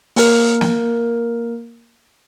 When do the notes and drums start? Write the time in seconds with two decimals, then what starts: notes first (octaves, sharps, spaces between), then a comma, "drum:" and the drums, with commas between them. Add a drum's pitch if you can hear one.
0.16 A#3 A#4, drum: open hi-hat
0.61 drum: snare